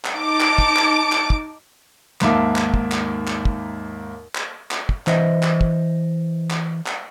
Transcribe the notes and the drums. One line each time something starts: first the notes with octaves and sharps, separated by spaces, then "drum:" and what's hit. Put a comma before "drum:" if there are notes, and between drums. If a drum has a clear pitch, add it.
drum: clap
D#4 A5 D6 D7
drum: clap
drum: kick
drum: clap
drum: clap
drum: kick
D#2 G#2 A#3 E5 A5 D6, drum: clap
drum: clap
drum: kick
drum: clap
drum: clap
drum: kick
drum: clap
drum: clap
drum: kick
E3 C5 D#5 E5, drum: clap
drum: clap
drum: kick
drum: clap
drum: clap